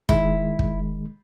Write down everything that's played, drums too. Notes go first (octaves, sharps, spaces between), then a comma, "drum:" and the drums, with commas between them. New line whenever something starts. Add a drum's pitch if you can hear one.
D#3 G#3 E4, drum: kick
drum: kick